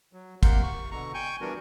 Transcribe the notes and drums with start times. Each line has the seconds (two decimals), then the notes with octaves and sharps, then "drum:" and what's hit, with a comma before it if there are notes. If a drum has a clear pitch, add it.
0.13 F#3
0.43 C3 A#3 A#4 F#5 C6 G6, drum: kick, cymbal
0.63 C#6
0.91 B2 D3 A#5 C#6
1.14 G5 G#5 C#6 G6
1.41 E3 G3 B3 D4 F#4 A#4